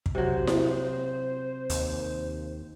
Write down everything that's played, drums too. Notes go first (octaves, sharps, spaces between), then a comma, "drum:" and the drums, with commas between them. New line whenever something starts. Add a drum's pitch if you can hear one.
drum: kick
C3 F#3 C5
drum: snare E4
D#2, drum: hi-hat